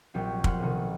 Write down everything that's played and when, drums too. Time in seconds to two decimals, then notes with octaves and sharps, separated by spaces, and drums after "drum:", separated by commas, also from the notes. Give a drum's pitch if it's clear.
0.14 A#1 F#3 G3 C4
0.44 F#5 C6 F6, drum: kick
0.59 B1 C3 D#3